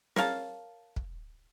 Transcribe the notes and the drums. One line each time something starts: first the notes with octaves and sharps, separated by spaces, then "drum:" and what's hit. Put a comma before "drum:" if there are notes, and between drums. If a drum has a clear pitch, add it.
A#4 C#5 F5 A5, drum: snare
drum: kick